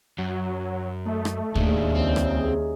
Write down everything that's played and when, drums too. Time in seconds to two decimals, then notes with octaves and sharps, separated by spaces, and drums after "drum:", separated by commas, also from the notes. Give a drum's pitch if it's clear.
0.18 F#2 F#3
1.06 A3 D#4
1.25 drum: rim click
1.55 D#2 A2 G#3 D4 G#4 E5, drum: kick
1.95 C#2 G3 C4 C#4
2.16 drum: rim click
2.30 D#4 G#4